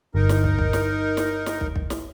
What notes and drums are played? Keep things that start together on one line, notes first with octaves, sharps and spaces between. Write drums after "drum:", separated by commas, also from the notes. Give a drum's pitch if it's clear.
G1 D#4 A#4
drum: snare
drum: kick
drum: kick
drum: snare
drum: snare
drum: snare
drum: kick
drum: kick
drum: snare